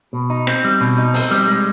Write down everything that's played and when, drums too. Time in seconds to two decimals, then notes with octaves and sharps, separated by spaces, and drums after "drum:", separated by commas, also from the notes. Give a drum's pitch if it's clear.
0.13 B2
0.30 D#4
0.47 C4, drum: rim click
0.64 G3
0.81 B2
0.98 D#4
1.14 C4, drum: open hi-hat
1.31 G3
1.48 G#3